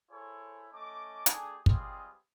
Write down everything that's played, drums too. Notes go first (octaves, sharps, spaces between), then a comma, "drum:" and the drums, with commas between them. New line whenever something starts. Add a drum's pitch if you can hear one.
E4 G#4 A4 C5 C#5
A3 C#4 D#5 A5 D6
A3 D4 G4 G#4, drum: hi-hat
G3 G#3 B3 C4 F4 G#4, drum: kick